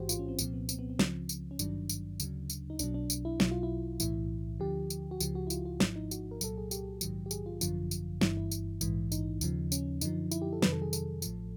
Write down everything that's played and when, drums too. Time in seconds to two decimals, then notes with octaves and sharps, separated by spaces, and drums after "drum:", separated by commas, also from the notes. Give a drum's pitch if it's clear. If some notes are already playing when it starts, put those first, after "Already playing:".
Already playing: A1 G#2 E3 F#4 G4 C5
0.09 F4, drum: tambourine
0.19 C#4
0.29 C4
0.39 C2 A#2 F3 C4, drum: tambourine
0.54 B3
0.69 C4, drum: tambourine
0.79 B3
0.90 C4
0.99 C#2 C#3 F3, drum: snare
1.29 drum: tambourine
1.51 C#4
1.59 G#1 G2 D#3 F#3 D4, drum: tambourine
1.89 drum: tambourine
2.20 D2 C#3 F#3, drum: tambourine
2.50 drum: tambourine
2.70 D#4
2.79 B1 B2 F#3 D4, drum: tambourine
2.94 D4
3.10 drum: tambourine
3.25 E4
3.40 B1 B2 F#3 E4, drum: snare
3.51 F4
3.63 E4
4.00 B1 A2 E3 E4, drum: tambourine
4.60 D2 D3 F3 G4
4.90 drum: tambourine
5.11 F#4
5.20 C#2 C#3 F3 G4, drum: tambourine
5.35 F#4
5.47 E4
5.50 F4, drum: tambourine
5.65 F4
5.80 G#1 G#2 F3 E4, drum: snare
5.96 D#4
6.11 F#4, drum: tambourine
6.31 A#4
6.41 C2 A#2 F#3 A4, drum: tambourine
6.58 G#4
6.71 G4, drum: tambourine
7.01 A#1 G#2 D#3 F#3, drum: tambourine
7.26 G4
7.31 G#4, drum: tambourine
7.46 F4
7.61 G#1 F#2 D3 F3 F4, drum: tambourine
7.91 drum: tambourine
8.21 G1 G2 E3 E4, drum: snare
8.37 E4
8.51 drum: tambourine
8.81 A#1 G#2 E3, drum: tambourine
9.12 D#4, drum: tambourine
9.41 D#2 C#3 F3, drum: tambourine
9.72 C#4, drum: tambourine
10.01 F#2 D3 F3 D#4, drum: tambourine
10.31 E4, drum: tambourine
10.42 G4
10.53 A4
10.62 F2 C3 D#3 F#3 B4, drum: snare
10.72 A4
10.82 G#4
10.93 A4, drum: tambourine
11.22 A1 A2 F3, drum: tambourine